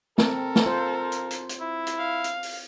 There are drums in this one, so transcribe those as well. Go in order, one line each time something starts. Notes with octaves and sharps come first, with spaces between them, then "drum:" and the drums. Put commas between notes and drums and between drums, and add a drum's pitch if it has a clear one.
C4 A4 A#4, drum: snare
drum: snare
F4 C5
drum: hi-hat
drum: hi-hat
drum: hi-hat
E4
drum: hi-hat
F5
drum: hi-hat
drum: open hi-hat